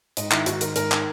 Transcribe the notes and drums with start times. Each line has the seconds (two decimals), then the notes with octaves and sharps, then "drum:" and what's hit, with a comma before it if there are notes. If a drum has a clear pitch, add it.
0.17 G#2 D#5, drum: hi-hat
0.31 D#3 E4, drum: clap
0.46 G#2 F#4, drum: hi-hat
0.61 D#3 A#4, drum: hi-hat
0.76 G#2 A#4, drum: hi-hat
0.92 D#3, drum: clap